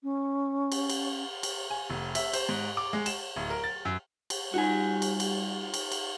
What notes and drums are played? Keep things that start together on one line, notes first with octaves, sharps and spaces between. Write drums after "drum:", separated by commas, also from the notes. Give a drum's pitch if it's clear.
C#4
drum: cymbal
drum: cymbal
drum: cymbal
G#5
F1
E5, drum: cymbal
C5, drum: cymbal
G#2
D6
G#3
E7, drum: cymbal
D1
A#4
A6
F#2
drum: cymbal
G3 D#4 F4 F#4 F#5 G#5
drum: cymbal
drum: cymbal
drum: cymbal
drum: cymbal